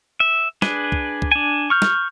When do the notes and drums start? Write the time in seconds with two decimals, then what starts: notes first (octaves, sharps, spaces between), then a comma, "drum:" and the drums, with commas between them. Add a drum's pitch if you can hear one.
0.20 E5
0.62 D4 G#4 B4, drum: snare
0.92 drum: kick
1.22 drum: kick
1.32 D4 G#5
1.70 C#6 F6 G6
1.82 drum: snare